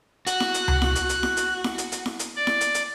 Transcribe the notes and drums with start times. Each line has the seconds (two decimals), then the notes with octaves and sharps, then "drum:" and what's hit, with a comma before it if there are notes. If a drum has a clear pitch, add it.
0.27 F#4 F#6, drum: hi-hat
0.40 drum: snare E4
0.54 drum: hi-hat
0.68 drum: tom C#2
0.82 drum: snare E4
0.95 drum: hi-hat
1.09 drum: hi-hat
1.23 drum: snare E4
1.37 drum: hi-hat
1.64 drum: snare E4
1.78 drum: hi-hat
1.92 drum: hi-hat
2.06 drum: snare E4
2.19 drum: hi-hat
2.36 D5
2.47 drum: snare E4
2.61 drum: hi-hat
2.74 drum: hi-hat